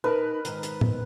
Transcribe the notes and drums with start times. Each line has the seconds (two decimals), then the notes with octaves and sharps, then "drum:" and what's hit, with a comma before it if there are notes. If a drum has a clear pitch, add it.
0.04 D#4 A#4 B4 A5
0.45 G#2 D#3, drum: hi-hat
0.63 drum: hi-hat
0.81 drum: tom A2